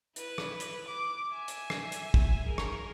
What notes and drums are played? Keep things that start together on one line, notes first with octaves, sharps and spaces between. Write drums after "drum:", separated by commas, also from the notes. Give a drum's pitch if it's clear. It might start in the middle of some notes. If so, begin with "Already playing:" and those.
E4 B4, drum: hi-hat
drum: rim click
drum: hi-hat
D6
E5 G#5
drum: hi-hat
drum: rim click
drum: hi-hat
drum: kick
G#4 A#4
drum: rim click